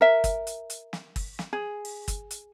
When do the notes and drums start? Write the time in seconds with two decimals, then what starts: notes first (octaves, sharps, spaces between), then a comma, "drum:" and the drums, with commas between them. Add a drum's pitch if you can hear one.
0.01 A#4 E5
0.24 drum: kick, hi-hat
0.47 drum: hi-hat
0.70 drum: hi-hat
0.93 drum: snare
1.16 drum: kick, open hi-hat
1.39 drum: snare
1.53 G#4
1.85 drum: open hi-hat
2.08 drum: kick, hi-hat
2.31 drum: hi-hat